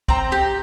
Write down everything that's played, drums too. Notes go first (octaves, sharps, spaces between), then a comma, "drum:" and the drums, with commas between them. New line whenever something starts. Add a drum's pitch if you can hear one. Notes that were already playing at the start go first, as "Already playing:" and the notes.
C4 G5 A#5, drum: kick
G4